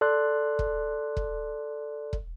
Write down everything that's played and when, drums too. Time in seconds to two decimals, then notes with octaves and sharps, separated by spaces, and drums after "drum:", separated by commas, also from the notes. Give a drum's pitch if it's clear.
0.01 A4 D5 C6 F#6
0.59 drum: kick
1.17 drum: kick
2.13 drum: kick